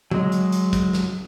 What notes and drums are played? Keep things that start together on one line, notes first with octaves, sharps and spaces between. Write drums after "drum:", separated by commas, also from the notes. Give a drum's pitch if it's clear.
F#3 G#3, drum: tom D3
drum: hi-hat
drum: hi-hat
drum: kick, hi-hat
drum: snare